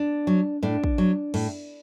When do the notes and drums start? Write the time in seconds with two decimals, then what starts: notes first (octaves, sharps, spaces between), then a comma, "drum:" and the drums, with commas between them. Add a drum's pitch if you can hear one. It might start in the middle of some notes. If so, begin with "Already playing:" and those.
Already playing: D4
0.27 F#3
0.63 A2 D4
0.84 drum: kick
0.98 F#3
1.34 A2, drum: cymbal